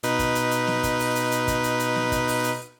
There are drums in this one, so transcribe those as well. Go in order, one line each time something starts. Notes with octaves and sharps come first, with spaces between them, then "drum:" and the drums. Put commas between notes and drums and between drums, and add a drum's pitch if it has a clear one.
B2 D#4 B4, drum: hi-hat
drum: kick, hi-hat
drum: hi-hat
drum: hi-hat
drum: snare
drum: kick, hi-hat
drum: open hi-hat
drum: hi-hat
drum: hi-hat
drum: kick, hi-hat
drum: hi-hat
drum: hi-hat
drum: snare
drum: kick, hi-hat
drum: open hi-hat
drum: hi-hat